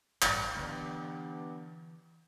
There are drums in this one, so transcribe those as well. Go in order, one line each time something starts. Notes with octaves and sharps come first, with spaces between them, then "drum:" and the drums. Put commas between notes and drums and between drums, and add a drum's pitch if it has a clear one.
A1 G2, drum: clap
D3 E3 B3 D4 G4